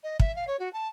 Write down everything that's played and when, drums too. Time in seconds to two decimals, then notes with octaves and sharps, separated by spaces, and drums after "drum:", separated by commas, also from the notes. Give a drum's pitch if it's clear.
0.03 D#5
0.20 E5, drum: kick
0.35 F5
0.47 C#5
0.59 F#4
0.72 A5